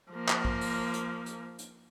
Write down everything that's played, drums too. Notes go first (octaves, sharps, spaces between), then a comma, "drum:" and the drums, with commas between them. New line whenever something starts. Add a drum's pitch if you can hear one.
F3 A#3
drum: clap
drum: kick
drum: open hi-hat
drum: hi-hat
drum: hi-hat
drum: hi-hat